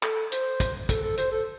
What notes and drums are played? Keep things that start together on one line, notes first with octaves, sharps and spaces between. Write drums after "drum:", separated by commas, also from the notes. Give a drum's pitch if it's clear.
A4, drum: clap
C5, drum: hi-hat
drum: kick, hi-hat
A4, drum: kick, hi-hat
A4
C5, drum: hi-hat
A4